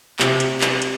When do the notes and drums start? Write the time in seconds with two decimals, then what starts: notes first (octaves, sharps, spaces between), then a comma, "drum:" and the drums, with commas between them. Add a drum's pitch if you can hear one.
0.19 C3, drum: clap
0.40 drum: hi-hat
0.61 drum: clap
0.82 drum: hi-hat